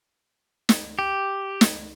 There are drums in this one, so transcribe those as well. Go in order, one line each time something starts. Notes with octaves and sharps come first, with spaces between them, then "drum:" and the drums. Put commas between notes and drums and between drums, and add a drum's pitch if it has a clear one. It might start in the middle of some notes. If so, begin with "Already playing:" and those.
drum: snare
G4
drum: snare